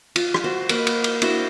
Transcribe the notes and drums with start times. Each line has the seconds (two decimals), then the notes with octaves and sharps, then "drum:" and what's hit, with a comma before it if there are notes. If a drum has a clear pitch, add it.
0.16 F4, drum: cymbal
0.34 drum: rim click
0.44 F#4 C5
0.69 A#3 B4 D#5, drum: cymbal
0.87 drum: cymbal
1.04 drum: cymbal
1.22 D4 E4 F#4 C5, drum: cymbal